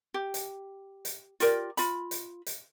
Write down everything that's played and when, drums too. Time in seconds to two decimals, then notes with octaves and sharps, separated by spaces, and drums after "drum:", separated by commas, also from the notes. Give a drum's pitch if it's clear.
0.14 G4
0.34 drum: hi-hat
1.05 drum: hi-hat
1.40 F4 G4 A#4 D5, drum: hi-hat
1.77 F4 B5, drum: hi-hat
2.11 drum: hi-hat
2.46 drum: hi-hat